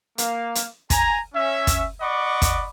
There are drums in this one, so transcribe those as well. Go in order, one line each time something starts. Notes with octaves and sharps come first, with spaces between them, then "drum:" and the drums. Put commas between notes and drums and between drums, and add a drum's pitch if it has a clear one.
A#3 F5, drum: hi-hat
drum: hi-hat
G#5 A#5, drum: kick, hi-hat
C#4 E5
drum: kick, hi-hat
D5 D#5 F#5 B5 C#6 D6
drum: kick, hi-hat